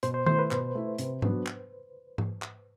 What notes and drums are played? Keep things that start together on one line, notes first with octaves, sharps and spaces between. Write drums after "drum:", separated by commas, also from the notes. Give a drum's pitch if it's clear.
B2 C5, drum: hi-hat
C5
A3 E4 C5, drum: tom D#3
B4
B2, drum: clap
A3 E4
C3, drum: hi-hat
F#3 B3 D4, drum: tom G#2
drum: clap
drum: tom G#2
drum: clap